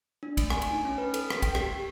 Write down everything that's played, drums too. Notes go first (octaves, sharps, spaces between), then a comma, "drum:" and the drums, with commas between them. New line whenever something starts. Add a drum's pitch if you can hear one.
D4
A3, drum: kick, cymbal
G#5, drum: rim click
drum: cymbal
D#4
C#4
B4
A4, drum: cymbal
B6, drum: rim click
G5, drum: kick, cymbal
G4, drum: rim click
G4